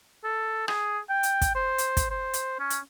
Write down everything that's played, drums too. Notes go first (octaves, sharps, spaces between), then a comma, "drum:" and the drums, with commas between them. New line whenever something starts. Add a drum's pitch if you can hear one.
A4
G#4, drum: rim click
G5
drum: hi-hat
drum: kick, hi-hat
C5
drum: hi-hat
drum: kick, hi-hat
C5
drum: hi-hat
C#4
drum: hi-hat